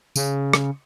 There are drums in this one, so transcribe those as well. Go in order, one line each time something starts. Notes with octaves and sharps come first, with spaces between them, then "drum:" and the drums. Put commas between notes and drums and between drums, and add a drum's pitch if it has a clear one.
C#3, drum: tambourine
drum: rim click